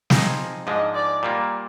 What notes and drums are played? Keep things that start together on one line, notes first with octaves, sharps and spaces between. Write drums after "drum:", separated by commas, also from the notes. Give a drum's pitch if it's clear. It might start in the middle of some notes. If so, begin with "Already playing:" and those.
F3 C4 D#4 G#4, drum: snare
G#2 F3 G#3 D4 D#5
D5
A#2 G3 A#3